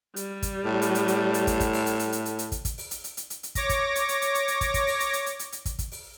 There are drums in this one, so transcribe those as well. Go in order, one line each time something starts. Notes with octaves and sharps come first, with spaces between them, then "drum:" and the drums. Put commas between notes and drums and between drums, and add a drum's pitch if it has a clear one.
G3, drum: hi-hat
drum: kick, hi-hat
A2
drum: hi-hat
drum: hi-hat
drum: hi-hat
drum: hi-hat
drum: kick, hi-hat
drum: kick, hi-hat
drum: open hi-hat
drum: hi-hat
drum: hi-hat
drum: hi-hat
drum: hi-hat
drum: hi-hat
drum: kick, hi-hat
drum: kick, hi-hat
drum: open hi-hat
drum: hi-hat
drum: hi-hat
drum: hi-hat
drum: hi-hat
drum: hi-hat
C#5 D6 A#6, drum: kick, hi-hat
drum: kick, hi-hat
drum: hi-hat
drum: hi-hat
drum: hi-hat
drum: hi-hat
drum: hi-hat
drum: kick, hi-hat
drum: kick, hi-hat
drum: open hi-hat
drum: hi-hat
drum: hi-hat
drum: hi-hat
drum: hi-hat
drum: hi-hat
drum: kick, hi-hat
drum: kick, hi-hat
drum: open hi-hat